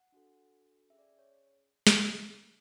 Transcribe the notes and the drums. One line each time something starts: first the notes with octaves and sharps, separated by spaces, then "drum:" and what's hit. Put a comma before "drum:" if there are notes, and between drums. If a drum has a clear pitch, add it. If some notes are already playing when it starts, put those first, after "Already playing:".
Already playing: F#5
D4 F#4 A4
C#4 G#4 E5
D5
C#5
drum: snare